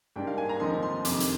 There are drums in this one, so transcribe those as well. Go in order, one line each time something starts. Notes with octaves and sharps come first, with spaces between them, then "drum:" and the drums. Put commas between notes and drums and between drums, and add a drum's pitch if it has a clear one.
G#2 G3 A#3 D4 G5
F5
G#5
A#5
D#2 D3 F3 C4 D#4 C6
C6
F2 C3 D#3 D6, drum: hi-hat
drum: hi-hat